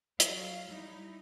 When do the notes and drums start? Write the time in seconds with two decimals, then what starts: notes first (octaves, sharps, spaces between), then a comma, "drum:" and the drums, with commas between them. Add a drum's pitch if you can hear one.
0.20 F#3 F5, drum: hi-hat
0.70 G3 D#4 E4